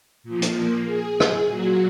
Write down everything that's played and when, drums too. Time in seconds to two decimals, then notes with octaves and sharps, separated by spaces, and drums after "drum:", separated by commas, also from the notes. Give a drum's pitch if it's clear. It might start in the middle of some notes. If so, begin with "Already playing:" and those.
0.23 A#2 F3
0.42 drum: hi-hat
0.54 A#3
0.86 G#4
1.20 drum: rim click
1.48 A#2 F#3 F#4